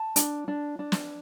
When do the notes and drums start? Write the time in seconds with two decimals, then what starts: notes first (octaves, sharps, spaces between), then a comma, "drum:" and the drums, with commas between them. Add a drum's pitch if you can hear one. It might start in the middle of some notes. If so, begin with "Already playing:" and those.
Already playing: A5
0.16 D4, drum: hi-hat
0.48 D4
0.79 D4
0.92 drum: snare